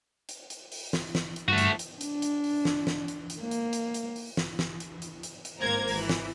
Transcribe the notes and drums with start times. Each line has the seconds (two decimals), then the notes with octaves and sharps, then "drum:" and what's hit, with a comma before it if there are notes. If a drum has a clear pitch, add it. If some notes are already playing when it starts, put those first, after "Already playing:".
0.29 drum: hi-hat
0.50 drum: hi-hat
0.72 drum: open hi-hat
0.93 drum: snare
1.15 drum: snare
1.36 drum: hi-hat
1.48 G2 A3 F#4
1.58 drum: hi-hat
1.79 drum: hi-hat
2.01 D4, drum: hi-hat
2.22 drum: hi-hat
2.44 drum: open hi-hat
2.65 drum: snare
2.87 drum: snare
3.08 drum: hi-hat
3.30 drum: hi-hat
3.40 A#3
3.51 drum: hi-hat
3.73 drum: hi-hat
3.94 drum: hi-hat
4.16 drum: open hi-hat
4.37 drum: snare
4.59 drum: snare
4.80 drum: hi-hat
5.02 drum: hi-hat
5.23 drum: hi-hat
5.45 drum: hi-hat
5.61 G#1 A#3 A#4 C5 A#5 G#6
5.88 drum: open hi-hat
5.98 E3
6.09 drum: snare